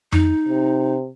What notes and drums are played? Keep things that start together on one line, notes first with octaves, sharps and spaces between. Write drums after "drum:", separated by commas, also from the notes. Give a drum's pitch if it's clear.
D#4, drum: tom F2
C3